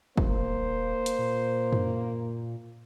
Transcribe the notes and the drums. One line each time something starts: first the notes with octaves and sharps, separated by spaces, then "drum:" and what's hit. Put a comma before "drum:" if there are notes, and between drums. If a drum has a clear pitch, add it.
D#1 A#3 C5, drum: kick
drum: hi-hat
A#2
drum: tom F#2